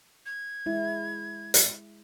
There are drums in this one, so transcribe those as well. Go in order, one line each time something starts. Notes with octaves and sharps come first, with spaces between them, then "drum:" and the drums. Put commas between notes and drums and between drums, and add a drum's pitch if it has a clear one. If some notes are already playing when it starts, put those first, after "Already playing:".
G#6
G#3 E4
drum: hi-hat